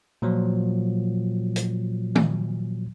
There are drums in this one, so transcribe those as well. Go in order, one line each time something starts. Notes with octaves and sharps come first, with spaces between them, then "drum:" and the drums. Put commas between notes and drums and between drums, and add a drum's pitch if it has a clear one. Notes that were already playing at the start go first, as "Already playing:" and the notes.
A#2 F3 F#3
drum: hi-hat
drum: tom D#3